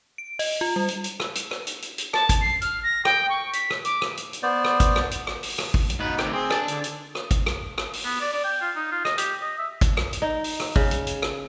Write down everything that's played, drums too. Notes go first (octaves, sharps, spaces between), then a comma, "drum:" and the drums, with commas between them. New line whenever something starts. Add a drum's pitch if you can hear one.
D7
D#5, drum: open hi-hat
F4
G3
drum: hi-hat
drum: hi-hat
drum: rim click
drum: hi-hat
drum: rim click
drum: hi-hat
drum: hi-hat
drum: hi-hat
A5, drum: rim click
drum: kick, hi-hat
C7
F6, drum: hi-hat
A#6
G5, drum: rim click
C#6
B6, drum: hi-hat
drum: rim click
D6, drum: hi-hat
drum: rim click
drum: hi-hat
drum: hi-hat
B3 C5 D5
drum: rim click
drum: kick, hi-hat
drum: rim click
drum: hi-hat
drum: rim click
drum: open hi-hat
drum: rim click
drum: kick
drum: hi-hat
G#2 B2 D#4 B4
D2 C4 G4, drum: rim click
C4 G#4
D4 A5, drum: rim click
D3, drum: hi-hat
drum: hi-hat
drum: rim click
drum: kick, hi-hat
drum: rim click
drum: rim click
drum: open hi-hat
B3
D5
D5
G5
F4
D#4
F4
D#5, drum: rim click
G4, drum: hi-hat
D#5
E5
drum: kick, hi-hat
drum: rim click
drum: hi-hat
D#4
drum: open hi-hat
drum: rim click
C#3, drum: kick
drum: hi-hat
drum: hi-hat
drum: rim click